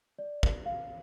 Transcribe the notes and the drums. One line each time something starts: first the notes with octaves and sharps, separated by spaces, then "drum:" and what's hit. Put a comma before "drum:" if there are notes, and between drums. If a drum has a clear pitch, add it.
D5
drum: kick
F5